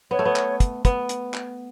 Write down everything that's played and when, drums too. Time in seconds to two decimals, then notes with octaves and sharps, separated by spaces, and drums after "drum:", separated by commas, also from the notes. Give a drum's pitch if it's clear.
0.11 B3 C#5
0.19 A3
0.25 B3
0.36 drum: clap
0.60 drum: kick, hi-hat
0.85 B3, drum: kick, hi-hat
1.09 drum: hi-hat
1.34 drum: clap